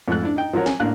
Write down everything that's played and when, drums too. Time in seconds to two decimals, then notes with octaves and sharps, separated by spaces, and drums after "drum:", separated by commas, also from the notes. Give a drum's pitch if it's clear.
0.08 F2 G#2 F3 A3 F#6
0.23 D4 E4
0.36 D#4 G5
0.53 F3 F#3 F#4 A#4 C#5
0.66 G#5, drum: snare
0.80 A1 A#3 D4 F5 F#6